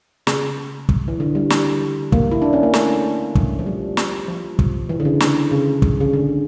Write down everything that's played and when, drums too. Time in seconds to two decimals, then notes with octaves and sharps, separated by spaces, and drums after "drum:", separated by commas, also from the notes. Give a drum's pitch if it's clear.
0.27 C#3, drum: snare
0.89 drum: kick
1.08 E3
1.20 D3
1.35 G3
1.50 drum: snare
2.12 A#3, drum: kick
2.32 E4
2.42 D4
2.53 C#4
2.63 A#3
2.74 A3, drum: snare
3.35 drum: kick
3.59 F3
3.66 G3
3.97 drum: snare
4.28 F3
4.59 drum: kick
4.89 E3
5.00 D3
5.05 C#3
5.20 drum: snare
5.51 C#3
5.82 drum: kick
6.01 C#3
6.13 D3